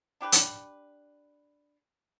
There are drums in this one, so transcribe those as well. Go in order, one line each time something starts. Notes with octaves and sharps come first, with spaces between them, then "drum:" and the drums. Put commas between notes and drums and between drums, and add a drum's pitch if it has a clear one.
D4 G4 B4
drum: hi-hat